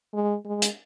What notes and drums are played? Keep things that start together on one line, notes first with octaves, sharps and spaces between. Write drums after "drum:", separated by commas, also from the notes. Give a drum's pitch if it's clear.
G#3
G#3
drum: hi-hat